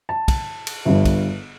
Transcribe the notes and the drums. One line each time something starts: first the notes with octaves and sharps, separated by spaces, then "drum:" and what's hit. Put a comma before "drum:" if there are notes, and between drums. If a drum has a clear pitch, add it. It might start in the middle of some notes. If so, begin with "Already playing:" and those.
A5
drum: kick, cymbal
drum: cymbal
G1 G2 D3
drum: kick, cymbal